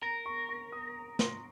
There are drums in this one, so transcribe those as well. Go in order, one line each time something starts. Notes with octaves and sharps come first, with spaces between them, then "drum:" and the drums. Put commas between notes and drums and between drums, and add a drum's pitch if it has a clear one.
A#4 A#5
C#6
C#6
D#6
C6, drum: snare